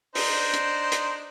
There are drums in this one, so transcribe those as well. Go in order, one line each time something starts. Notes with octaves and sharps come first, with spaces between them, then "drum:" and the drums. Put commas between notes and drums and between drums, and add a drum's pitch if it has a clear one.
D4 D#4 C5, drum: open hi-hat
drum: hi-hat
drum: hi-hat